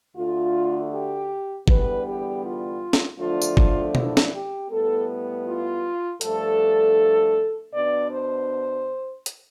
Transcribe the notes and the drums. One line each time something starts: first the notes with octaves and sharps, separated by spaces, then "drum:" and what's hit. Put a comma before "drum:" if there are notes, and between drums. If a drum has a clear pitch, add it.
D2 D3 A3 F4
G4
E2 D3 G3 B3 B4, drum: kick
G4
F4
drum: snare
E2 D3 F3 A3 D4 F4
drum: tambourine
drum: kick
E4, drum: tom B2
drum: snare
G4
A2 G3 B3 A4
F4
G2 F3 A3 D4 A4, drum: hi-hat
B2 B3 D4 D5
C5
drum: hi-hat